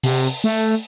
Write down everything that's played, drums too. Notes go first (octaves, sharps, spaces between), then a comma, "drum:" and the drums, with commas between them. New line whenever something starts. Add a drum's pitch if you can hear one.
C3, drum: open hi-hat
A3